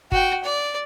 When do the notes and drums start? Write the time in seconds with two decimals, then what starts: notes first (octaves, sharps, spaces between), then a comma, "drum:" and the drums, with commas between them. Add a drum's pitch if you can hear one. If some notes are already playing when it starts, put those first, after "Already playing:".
0.12 F#4 G5, drum: kick
0.44 D5